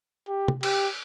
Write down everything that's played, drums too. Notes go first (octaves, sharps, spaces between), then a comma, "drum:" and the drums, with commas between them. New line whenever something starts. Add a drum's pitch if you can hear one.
G4
drum: tom
G4, drum: cymbal